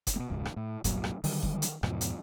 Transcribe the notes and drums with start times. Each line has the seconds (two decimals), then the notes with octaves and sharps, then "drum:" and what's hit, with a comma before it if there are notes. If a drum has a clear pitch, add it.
0.07 drum: kick F#1, hi-hat
0.16 B2 A#3
0.30 E1 C#2 G#2
0.45 drum: rim click
0.57 A2
0.84 C2 G2 A#2 F#3, drum: kick F#1, hi-hat
1.04 drum: rim click
1.24 D3 D#3 F#3 G3, drum: open hi-hat
1.42 drum: kick F#1
1.62 drum: hi-hat
1.83 E2 G#2 B2 F3, drum: rim click
2.01 drum: hi-hat